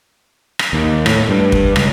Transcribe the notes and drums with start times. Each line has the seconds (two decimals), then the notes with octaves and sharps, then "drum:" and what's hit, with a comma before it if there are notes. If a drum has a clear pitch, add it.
0.59 drum: rim click
0.73 D#2
1.06 A2, drum: rim click
1.29 G2
1.52 drum: kick
1.76 C#2, drum: rim click